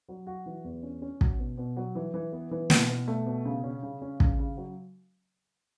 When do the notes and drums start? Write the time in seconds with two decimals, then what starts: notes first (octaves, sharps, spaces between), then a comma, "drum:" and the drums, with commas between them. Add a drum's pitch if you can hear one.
0.08 F#3
0.27 F#4
0.46 E3
0.64 E2
0.83 C#4
1.02 C#4
1.21 F#4, drum: kick
1.39 B2
1.58 B2
1.76 F#3
1.95 E3
2.14 E3
2.32 B3
2.51 E3
2.70 B2, drum: snare
2.89 B2
3.08 A3
3.26 B2
3.45 C#3
3.63 C#4
3.82 C#3
4.02 C#4
4.20 C#3, drum: kick
4.39 C#3
4.57 F#3